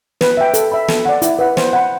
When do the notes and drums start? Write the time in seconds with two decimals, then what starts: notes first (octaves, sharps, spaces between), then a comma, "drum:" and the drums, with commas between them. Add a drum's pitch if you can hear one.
0.21 B4, drum: snare
0.37 E5 G5
0.54 A4, drum: hi-hat
0.72 E5 B5
0.88 A4, drum: snare
1.06 D5 F#5
1.22 E4, drum: hi-hat
1.39 B4 F#5
1.57 C5, drum: snare
1.73 F#5 B5